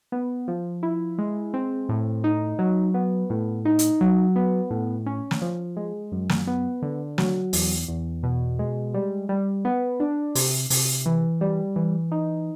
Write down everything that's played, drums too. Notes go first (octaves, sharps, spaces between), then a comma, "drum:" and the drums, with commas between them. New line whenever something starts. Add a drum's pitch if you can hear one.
B3
F3
E4
G#3
C4
A2
D#4
F#3
B3
A2
D#4
drum: hi-hat
F#3
B3
A2
C#4
drum: snare
F3
G#3
F#2
drum: snare
B3
D3
F#3, drum: snare
E2, drum: open hi-hat
E2
B2
G#3
G3
G3
B3
D4
C3, drum: open hi-hat
C3, drum: open hi-hat
E3
G3
E3
D#4